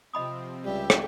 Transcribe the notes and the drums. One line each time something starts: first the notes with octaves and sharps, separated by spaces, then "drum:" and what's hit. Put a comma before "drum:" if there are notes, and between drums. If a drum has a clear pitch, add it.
C3 F3 C4 D#5 B5 D#6
C#2 G3 G4 E5
drum: rim click